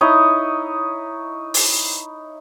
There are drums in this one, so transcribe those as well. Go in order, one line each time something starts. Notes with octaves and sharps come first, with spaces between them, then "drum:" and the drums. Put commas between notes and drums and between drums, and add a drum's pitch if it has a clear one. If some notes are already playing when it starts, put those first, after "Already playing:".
D#4 E4 C#5 D#5
drum: open hi-hat